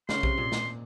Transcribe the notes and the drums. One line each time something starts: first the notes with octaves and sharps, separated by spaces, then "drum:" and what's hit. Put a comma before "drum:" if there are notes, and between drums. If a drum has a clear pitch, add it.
C#3 C6, drum: snare
C3, drum: kick A#1
A#2
drum: snare